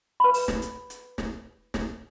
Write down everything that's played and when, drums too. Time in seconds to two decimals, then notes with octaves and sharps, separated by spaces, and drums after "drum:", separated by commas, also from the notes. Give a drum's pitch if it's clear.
0.20 B4 B5
0.34 drum: open hi-hat
0.48 drum: snare
0.62 drum: hi-hat
0.90 drum: hi-hat
1.18 drum: snare
1.74 drum: snare